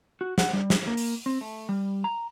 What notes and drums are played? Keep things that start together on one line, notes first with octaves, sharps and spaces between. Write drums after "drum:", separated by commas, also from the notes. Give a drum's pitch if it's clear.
F#4
F#5, drum: snare
G3
drum: snare
A#3
drum: open hi-hat
C4
A3
G3
A#5